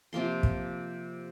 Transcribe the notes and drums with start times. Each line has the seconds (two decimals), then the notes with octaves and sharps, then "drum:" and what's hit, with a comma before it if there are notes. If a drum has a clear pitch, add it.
0.13 C3 F3 A#3 C6
0.43 drum: kick